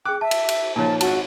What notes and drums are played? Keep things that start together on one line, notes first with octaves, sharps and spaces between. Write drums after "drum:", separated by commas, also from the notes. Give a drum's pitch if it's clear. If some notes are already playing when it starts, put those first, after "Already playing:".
G#4 G5 D6 F#6
E5 A5
drum: cymbal
drum: cymbal
A#2 F3 D#4 F4 C#5 A5
G#1 F#4 A5, drum: cymbal